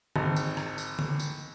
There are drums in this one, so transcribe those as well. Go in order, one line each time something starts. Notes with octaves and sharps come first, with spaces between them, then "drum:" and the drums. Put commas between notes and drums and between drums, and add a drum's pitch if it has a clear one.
G#1, drum: tom D3
drum: tambourine
drum: rim click
drum: tambourine
drum: tom D3
drum: tambourine